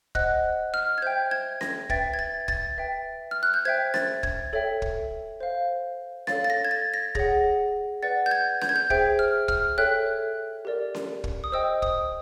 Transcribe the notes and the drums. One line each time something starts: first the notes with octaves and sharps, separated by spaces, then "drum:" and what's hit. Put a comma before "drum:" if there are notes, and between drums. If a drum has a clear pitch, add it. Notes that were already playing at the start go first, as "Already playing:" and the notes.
C5 D#5 F#5 F#6, drum: kick
F6
G#6
C5 E5 G5 G6
G#6
A#6, drum: snare C#4
B4 E5 G5 A6, drum: kick
G#6
A6
A6, drum: kick
B4 E5 G5
F6
F#6
G6
C5 E5 G5 G#6
A6, drum: snare C#4
G#6, drum: kick
A4 C#5 E5 G5
drum: kick
C5 F5
A4 C#5 F5 A6, drum: snare C#4
A6
A#6
G#6
A6
A#6
G#4 C#5 F#5 A#6, drum: kick
B4 D5 F#5 A6
G6
G#6
G6, drum: snare C#4
G#6
G6
G#4 C5 E5 G5, drum: kick
F6
F6, drum: kick
A4 C#5 E5 G5 F#6
G4 A#4 D5
drum: snare C#4
drum: kick
D#6
C5 D#5 G5 E6
D#6, drum: kick